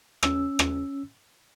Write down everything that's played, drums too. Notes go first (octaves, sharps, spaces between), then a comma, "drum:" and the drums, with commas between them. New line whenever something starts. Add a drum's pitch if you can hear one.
C#4 E6, drum: rim click
drum: rim click